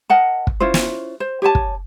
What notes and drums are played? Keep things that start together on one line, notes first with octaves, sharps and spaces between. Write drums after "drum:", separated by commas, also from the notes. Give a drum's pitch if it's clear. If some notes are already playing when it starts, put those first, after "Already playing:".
A#4 D#5 F#5 A5
drum: kick
C#4 E4 F4 C5
drum: snare
C5
G4 C#5 G#5 A5
drum: kick